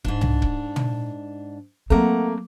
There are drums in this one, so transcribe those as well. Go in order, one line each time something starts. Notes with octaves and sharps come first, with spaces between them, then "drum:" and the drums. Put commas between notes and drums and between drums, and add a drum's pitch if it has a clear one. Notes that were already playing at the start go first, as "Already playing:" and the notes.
G#2 D4, drum: kick C#1
drum: tom C2
drum: kick C#1
drum: tom
F#3 A3 A#3 C4 F#5 A#5